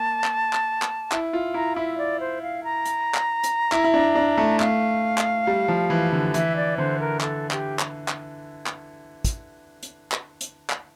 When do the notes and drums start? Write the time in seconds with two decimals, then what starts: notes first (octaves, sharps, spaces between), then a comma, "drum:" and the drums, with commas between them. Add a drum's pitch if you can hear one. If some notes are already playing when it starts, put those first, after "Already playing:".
Already playing: A#3 A5
0.24 drum: clap
0.53 drum: clap
0.82 drum: clap
1.12 E4, drum: clap
1.33 F4
1.54 E4 A#5
1.76 E4 E5
1.98 D5
2.20 C5
2.42 F5
2.64 A#5
2.85 drum: hi-hat
3.14 drum: clap
3.44 drum: hi-hat
3.72 E4, drum: clap
3.84 E4
3.94 D4
4.16 D4
4.38 A3
4.60 A3 F5, drum: clap
5.18 drum: clap
5.47 G3
5.68 F3
5.90 E3
6.12 D3
6.34 E3 E5, drum: hi-hat
6.56 D5
6.77 D3 C5
7.00 A#4
7.21 A4, drum: clap
7.51 G4, drum: clap
7.79 drum: clap
8.08 drum: clap
8.66 drum: clap
9.25 drum: kick, hi-hat
9.83 drum: hi-hat
10.12 drum: clap
10.41 drum: hi-hat
10.70 drum: clap